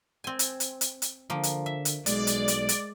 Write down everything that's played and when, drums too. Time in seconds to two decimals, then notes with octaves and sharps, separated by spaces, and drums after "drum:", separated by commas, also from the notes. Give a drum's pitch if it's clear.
0.24 C4 G#5
0.39 drum: hi-hat
0.60 drum: hi-hat
0.81 drum: hi-hat
1.02 drum: hi-hat
1.30 D3 F3 A#3
1.43 drum: hi-hat
1.66 E5
1.85 drum: hi-hat
2.06 B1 G#3 D5, drum: hi-hat
2.27 drum: hi-hat
2.48 drum: hi-hat
2.69 drum: hi-hat